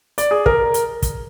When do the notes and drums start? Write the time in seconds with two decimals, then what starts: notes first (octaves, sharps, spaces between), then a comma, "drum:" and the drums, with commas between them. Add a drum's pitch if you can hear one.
0.18 D5, drum: hi-hat
0.31 G#4
0.46 A#4, drum: kick
0.74 drum: hi-hat
1.02 drum: kick, hi-hat